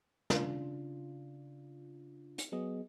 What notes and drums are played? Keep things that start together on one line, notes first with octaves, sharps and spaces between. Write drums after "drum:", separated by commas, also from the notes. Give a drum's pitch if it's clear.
C#3 D4 F4, drum: snare
drum: hi-hat
F#3 B3 G#4 D#5